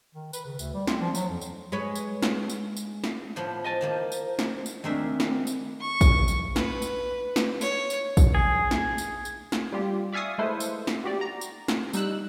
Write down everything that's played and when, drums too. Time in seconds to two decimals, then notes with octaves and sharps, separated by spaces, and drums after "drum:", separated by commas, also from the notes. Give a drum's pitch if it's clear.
0.15 D#3
0.33 B4, drum: tambourine
0.45 C#3
0.59 D2, drum: tambourine
0.74 G3
0.87 C4, drum: snare
1.00 F3
1.15 F#3, drum: tambourine
1.29 F2
1.41 drum: tambourine
1.72 G#3 B4 C#5
1.95 drum: tambourine
2.23 drum: snare
2.50 drum: tambourine
2.77 drum: tambourine
3.04 drum: snare
3.36 A2 F3 B3 A5
3.64 C5 D#5 G#5 A5
3.81 D#3 F3 A#3
4.12 drum: tambourine
4.39 drum: snare
4.66 drum: tambourine
4.84 D#3 G#3 A3 C4 D4 A#4 E5
5.20 drum: snare
5.47 drum: tambourine
5.81 C#6
6.01 drum: kick A#1, tambourine
6.28 drum: tambourine
6.56 B4, drum: snare
6.82 drum: tambourine
7.36 drum: snare
7.61 C#5, drum: tambourine
7.90 drum: tambourine
8.17 drum: kick A#1, tambourine
8.35 G#4
8.71 drum: snare
8.98 drum: tambourine
9.25 drum: tambourine
9.52 drum: snare
9.72 G3 F4 G4
10.13 D5 E5 F5 G#5 C#6 D#6
10.38 G#3 A3 E4 A4 B4 C5
10.60 drum: tambourine
10.87 drum: snare
11.04 F#4 G4 D5
11.21 A#5
11.41 drum: tambourine
11.68 drum: snare
11.93 G3 D#4 E6 F#6, drum: tambourine